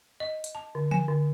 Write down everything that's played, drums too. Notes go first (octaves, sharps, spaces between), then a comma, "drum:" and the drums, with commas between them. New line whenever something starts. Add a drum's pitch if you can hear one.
D#5
drum: hi-hat
A5
D3
G#5, drum: tom E3
D3